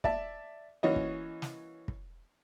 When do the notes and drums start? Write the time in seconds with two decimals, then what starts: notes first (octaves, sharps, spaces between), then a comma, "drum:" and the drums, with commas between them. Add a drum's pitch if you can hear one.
0.04 D5 E5 A5, drum: kick
0.83 E3 A#3 C#4 F#4 C#5 D#5
0.96 drum: kick
1.42 drum: snare
1.88 drum: kick